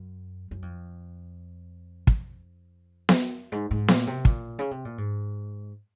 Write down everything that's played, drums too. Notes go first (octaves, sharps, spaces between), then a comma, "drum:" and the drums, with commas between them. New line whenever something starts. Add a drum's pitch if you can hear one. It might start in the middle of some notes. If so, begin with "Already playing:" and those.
Already playing: F#2
F#2
F2
drum: kick
drum: snare B3
G#2
G#2
A#2, drum: snare B3
C3
A#2, drum: kick
C#3
C3
A#2
G#2